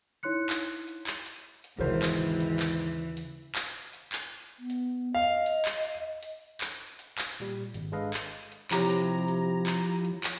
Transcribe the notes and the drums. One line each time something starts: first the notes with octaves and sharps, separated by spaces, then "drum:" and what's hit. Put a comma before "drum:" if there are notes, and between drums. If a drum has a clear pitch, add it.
D#4 E4 C#5 C6 F#6 C#7
drum: clap
drum: hi-hat
drum: clap
drum: hi-hat
drum: hi-hat
G#1 D#2 C#3 E3 F#4 A#4 C5
drum: clap
drum: hi-hat
drum: clap
drum: hi-hat
drum: hi-hat
drum: clap
drum: hi-hat
drum: clap
B3
drum: hi-hat
D#5 F5
drum: hi-hat
drum: clap
drum: hi-hat
drum: hi-hat
drum: clap
drum: hi-hat
drum: clap
A#2 G3, drum: hi-hat
G#1, drum: hi-hat
G#3 D4 A4 B4 D#5 F5
drum: clap
drum: hi-hat
C3 F3 E4 G4 C#5 A#5, drum: clap
drum: hi-hat
drum: hi-hat
drum: clap
drum: hi-hat
drum: clap